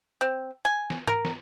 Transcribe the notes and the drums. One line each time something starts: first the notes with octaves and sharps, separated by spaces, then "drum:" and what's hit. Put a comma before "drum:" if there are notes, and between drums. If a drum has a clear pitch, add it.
C4
G#5
drum: snare
A#4, drum: tom G#2
drum: snare